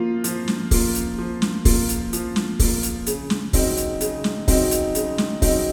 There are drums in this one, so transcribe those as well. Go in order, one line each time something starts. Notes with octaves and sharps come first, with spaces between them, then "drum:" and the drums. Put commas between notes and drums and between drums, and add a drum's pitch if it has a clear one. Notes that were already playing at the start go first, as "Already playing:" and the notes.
Already playing: F3 A#3 F4
F3, drum: hi-hat
drum: snare
A#3 F4, drum: kick, open hi-hat
drum: hi-hat
F3
drum: snare
A#3 F4, drum: kick, open hi-hat
drum: hi-hat
F3, drum: hi-hat
drum: snare
A#3 F4, drum: kick, open hi-hat
drum: hi-hat
C#3, drum: hi-hat
drum: snare
F#3 C4 D#4, drum: kick, open hi-hat
drum: hi-hat
C#3, drum: hi-hat
drum: snare
F#3 C4 D#4, drum: kick, open hi-hat
drum: hi-hat
C#3, drum: hi-hat
drum: snare
F#3 C4 D#4, drum: kick, open hi-hat